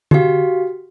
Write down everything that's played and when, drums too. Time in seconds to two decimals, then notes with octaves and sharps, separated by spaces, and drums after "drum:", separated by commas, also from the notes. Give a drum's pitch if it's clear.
0.11 F#4 G4 F5, drum: tom D3